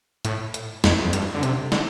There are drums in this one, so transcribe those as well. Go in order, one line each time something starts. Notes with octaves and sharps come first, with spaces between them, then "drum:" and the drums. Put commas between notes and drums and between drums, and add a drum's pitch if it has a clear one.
A2, drum: hi-hat
drum: hi-hat
F2, drum: snare
F2
G2, drum: hi-hat
D3
C3, drum: hi-hat
D3, drum: snare